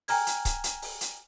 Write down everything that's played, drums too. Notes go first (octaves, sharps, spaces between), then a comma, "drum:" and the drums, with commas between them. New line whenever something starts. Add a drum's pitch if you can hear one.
G5 G#5 A#5 F6 G#6, drum: open hi-hat
drum: hi-hat
drum: kick C#1, hi-hat
drum: hi-hat
drum: open hi-hat
drum: hi-hat